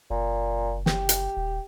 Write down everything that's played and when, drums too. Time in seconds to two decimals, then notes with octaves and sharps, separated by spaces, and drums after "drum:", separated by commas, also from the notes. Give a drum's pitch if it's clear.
0.10 F#1 A#2
0.86 G4, drum: snare
1.09 drum: hi-hat
1.37 D#1